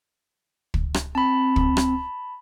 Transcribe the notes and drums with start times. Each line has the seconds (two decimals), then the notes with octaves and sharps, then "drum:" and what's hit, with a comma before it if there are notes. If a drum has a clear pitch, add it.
0.74 drum: kick
0.94 drum: rim click
1.15 C4 A5 B5
1.56 drum: kick
1.77 drum: rim click